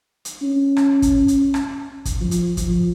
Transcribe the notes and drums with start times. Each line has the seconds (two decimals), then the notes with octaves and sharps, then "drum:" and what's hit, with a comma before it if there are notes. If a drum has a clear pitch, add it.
0.25 drum: hi-hat
0.42 C#4
0.77 drum: rim click
1.02 drum: kick, hi-hat
1.28 drum: hi-hat
1.54 drum: rim click
2.05 drum: kick, hi-hat
2.21 F3
2.31 drum: hi-hat
2.57 F3, drum: kick, hi-hat